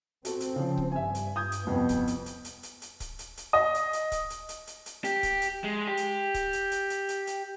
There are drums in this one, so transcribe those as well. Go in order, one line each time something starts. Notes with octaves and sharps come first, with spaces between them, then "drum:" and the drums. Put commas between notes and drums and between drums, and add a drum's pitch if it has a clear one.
C4 F#4 A4, drum: hi-hat
drum: hi-hat
C#3 F3
drum: kick C#1
G2 E5 G#5
drum: hi-hat
D#6 G6 G#6
drum: hi-hat
C2 F2 B3
drum: kick C#1, hi-hat
drum: hi-hat
drum: hi-hat
drum: hi-hat
drum: hi-hat
drum: hi-hat
drum: kick C#1, hi-hat
drum: hi-hat
drum: hi-hat
D#5
drum: hi-hat
drum: hi-hat
drum: kick C#1, hi-hat
drum: hi-hat
drum: hi-hat
drum: hi-hat
drum: hi-hat
G4, drum: hi-hat
drum: kick C#1, hi-hat
drum: hi-hat
G#3
G4
drum: hi-hat
drum: kick C#1, hi-hat
drum: hi-hat
drum: hi-hat
drum: hi-hat
drum: hi-hat
drum: hi-hat